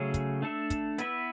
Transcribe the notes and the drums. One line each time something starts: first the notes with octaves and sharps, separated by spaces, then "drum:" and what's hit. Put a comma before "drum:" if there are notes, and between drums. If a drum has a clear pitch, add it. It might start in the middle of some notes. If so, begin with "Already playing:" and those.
Already playing: C#3 F#3 A3 C#4 G#4
drum: kick, hi-hat
A3 D4 A4 E5
drum: kick, hi-hat
B3 E4 B4 E5, drum: hi-hat